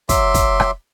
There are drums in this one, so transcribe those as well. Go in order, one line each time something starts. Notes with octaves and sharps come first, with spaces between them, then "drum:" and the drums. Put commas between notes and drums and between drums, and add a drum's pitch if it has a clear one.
F#3 E5 C6 D6, drum: kick, hi-hat
drum: kick, hi-hat
drum: rim click